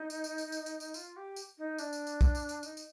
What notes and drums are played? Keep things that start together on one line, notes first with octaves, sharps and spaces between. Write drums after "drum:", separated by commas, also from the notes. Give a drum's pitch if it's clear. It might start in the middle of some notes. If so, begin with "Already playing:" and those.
Already playing: D#4
drum: tambourine
drum: tambourine
drum: tambourine
drum: tambourine
drum: tambourine
drum: tambourine
F4, drum: tambourine
G4
drum: tambourine
D#4
D4, drum: tambourine
drum: tambourine
drum: tambourine
drum: kick, tambourine
drum: tambourine
drum: tambourine
D#4, drum: tambourine
drum: tambourine